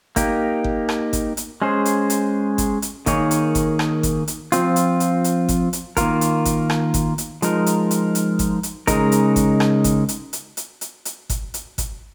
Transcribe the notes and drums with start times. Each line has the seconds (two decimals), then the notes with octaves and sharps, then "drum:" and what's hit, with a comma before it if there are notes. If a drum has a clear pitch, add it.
0.16 A#3 D#4 G4, drum: kick G1, hi-hat
0.64 drum: kick G1
0.89 drum: rim click
1.13 drum: kick G1, hi-hat
1.37 drum: hi-hat
1.62 G#3 C#4 G#4 C5
1.85 drum: hi-hat
2.10 drum: hi-hat
2.58 drum: kick G1, hi-hat
2.82 drum: hi-hat
3.06 D#3 A#3 D#4 G#4 C#5, drum: kick G1, hi-hat
3.31 drum: hi-hat
3.55 drum: kick G1, hi-hat
3.79 drum: rim click
4.03 drum: kick G1, hi-hat
4.28 drum: hi-hat
4.52 F3 C4 F4, drum: hi-hat
4.76 drum: hi-hat
5.00 drum: hi-hat
5.24 drum: hi-hat
5.49 drum: kick G1, hi-hat
5.73 drum: hi-hat
5.97 D#3 A#3 F4 A#4, drum: kick G1, hi-hat
6.21 drum: hi-hat
6.45 drum: kick G1, hi-hat
6.70 drum: rim click
6.94 drum: kick G1, hi-hat
7.18 drum: hi-hat
7.42 F3 G#3 D#4 A#4, drum: hi-hat
7.66 drum: hi-hat
7.91 drum: hi-hat
8.15 drum: hi-hat
8.39 drum: kick G1, hi-hat
8.63 drum: hi-hat
8.87 C#3 G#3 D#4 A#4, drum: kick G1, hi-hat
9.12 drum: hi-hat
9.36 drum: kick G1, hi-hat
9.60 drum: rim click
9.84 drum: kick G1, hi-hat
10.09 drum: hi-hat
10.33 drum: hi-hat
10.57 drum: hi-hat
10.81 drum: hi-hat
11.05 drum: hi-hat
11.30 drum: kick G1, hi-hat
11.54 drum: hi-hat
11.78 drum: kick G1, hi-hat